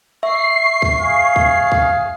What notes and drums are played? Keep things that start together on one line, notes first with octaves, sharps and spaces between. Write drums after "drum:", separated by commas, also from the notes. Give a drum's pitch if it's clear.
E5 C#6 C7
drum: kick
G#4 F5
drum: kick
drum: kick